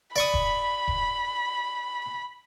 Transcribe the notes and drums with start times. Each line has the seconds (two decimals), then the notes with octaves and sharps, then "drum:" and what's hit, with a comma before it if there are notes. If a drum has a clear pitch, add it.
0.16 D5 B5 C#6 D#6
0.34 drum: kick E1
0.88 drum: kick E1